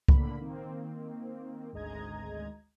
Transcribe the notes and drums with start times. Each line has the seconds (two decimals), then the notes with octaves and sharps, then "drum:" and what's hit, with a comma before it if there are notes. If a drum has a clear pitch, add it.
0.08 A2 D3 A#3 B5, drum: kick C2
0.41 D#3 A#3 C4
1.72 G#1 D2 G#3 D#5 A#5 G#6